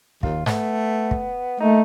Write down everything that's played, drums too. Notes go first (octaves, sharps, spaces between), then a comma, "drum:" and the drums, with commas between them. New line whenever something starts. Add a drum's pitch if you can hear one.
D#2 F4, drum: kick
A3 B3, drum: snare G#2
drum: kick
A3 A#3 D#4